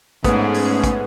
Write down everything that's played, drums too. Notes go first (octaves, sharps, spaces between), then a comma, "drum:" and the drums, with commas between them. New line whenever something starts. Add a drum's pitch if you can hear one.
G#2 A3 B3 C#4 G#4, drum: kick, hi-hat
drum: open hi-hat
drum: kick, hi-hat